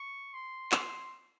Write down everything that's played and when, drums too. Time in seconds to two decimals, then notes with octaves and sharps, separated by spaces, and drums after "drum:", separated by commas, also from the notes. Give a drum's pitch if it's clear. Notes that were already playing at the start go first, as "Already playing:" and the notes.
Already playing: C#6
0.34 C6
0.72 drum: clap